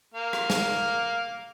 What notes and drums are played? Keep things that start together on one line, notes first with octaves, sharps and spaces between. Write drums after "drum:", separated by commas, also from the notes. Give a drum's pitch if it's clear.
A#3 F5
drum: rim click
drum: snare